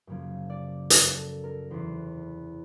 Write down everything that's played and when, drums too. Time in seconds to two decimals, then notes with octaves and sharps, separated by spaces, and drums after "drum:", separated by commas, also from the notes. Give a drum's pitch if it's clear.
0.07 F#2 C#3 F3 A#3
0.50 D5
0.90 A#4, drum: hi-hat
1.17 A4
1.44 A#4
1.71 E2 C3 E3 C5